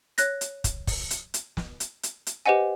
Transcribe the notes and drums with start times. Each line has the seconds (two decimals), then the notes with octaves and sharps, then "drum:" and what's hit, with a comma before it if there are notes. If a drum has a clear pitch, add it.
0.18 C#5 F#6 A#6, drum: hi-hat
0.41 drum: hi-hat
0.64 drum: kick, hi-hat
0.87 drum: kick, open hi-hat
1.11 drum: hi-hat
1.34 drum: hi-hat
1.57 drum: snare
1.80 drum: hi-hat
2.03 drum: hi-hat
2.27 drum: hi-hat
2.46 G4 B4 C5 D#5 F#5 G#5